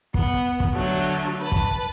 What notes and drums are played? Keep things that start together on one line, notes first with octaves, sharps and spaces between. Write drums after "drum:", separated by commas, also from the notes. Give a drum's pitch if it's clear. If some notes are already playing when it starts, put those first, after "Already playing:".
B3, drum: kick
drum: kick
D3 F#3 A3
B4 A5
drum: kick